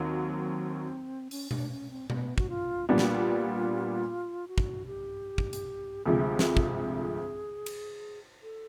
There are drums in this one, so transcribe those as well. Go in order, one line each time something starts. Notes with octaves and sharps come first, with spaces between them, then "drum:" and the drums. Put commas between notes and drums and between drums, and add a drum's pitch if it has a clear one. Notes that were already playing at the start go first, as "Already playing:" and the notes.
Already playing: D#2 D#3 F#3 C4
C#4, drum: open hi-hat
D4, drum: tom B2
C#4
C4
B3, drum: tom B2
F#4, drum: kick
F4
A#2 G3 B3 D4 F4
F#4, drum: snare
F4
F#4
drum: kick
G4
drum: kick
drum: hi-hat
D2 C3 F3 G#3 G#4
drum: snare
drum: kick
drum: cymbal
A4